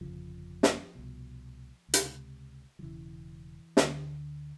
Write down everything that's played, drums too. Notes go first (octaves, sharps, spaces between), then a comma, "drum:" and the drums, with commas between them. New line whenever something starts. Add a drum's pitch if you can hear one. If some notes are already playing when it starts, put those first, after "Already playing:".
G1 F2 C#3 F3
drum: snare
C2 B2
C#2
C3, drum: hi-hat
F3
E1 E2 C#3 E3
D2 D3, drum: snare